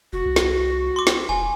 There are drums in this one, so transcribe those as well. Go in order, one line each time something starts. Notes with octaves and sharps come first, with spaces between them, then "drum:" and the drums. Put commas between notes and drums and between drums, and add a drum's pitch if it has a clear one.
F1 F#4
C2
drum: snare
C6 D6
drum: snare
E1 G#5